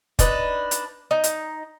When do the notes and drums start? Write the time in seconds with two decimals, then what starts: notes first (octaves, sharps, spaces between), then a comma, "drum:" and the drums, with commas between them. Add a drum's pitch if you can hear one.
0.19 D4 D#4 B4, drum: kick F1, hi-hat
0.71 drum: hi-hat
1.11 D#4
1.24 drum: hi-hat